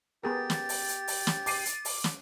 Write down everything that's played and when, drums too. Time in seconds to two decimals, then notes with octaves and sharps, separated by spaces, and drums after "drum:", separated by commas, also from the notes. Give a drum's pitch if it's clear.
0.23 B3 G4 G#4 A#4 A6
0.50 drum: snare
0.69 drum: open hi-hat
0.88 drum: hi-hat
1.08 drum: open hi-hat
1.27 drum: snare
1.46 D6 C7 D#7, drum: open hi-hat
1.65 drum: hi-hat
1.85 drum: open hi-hat
2.04 drum: snare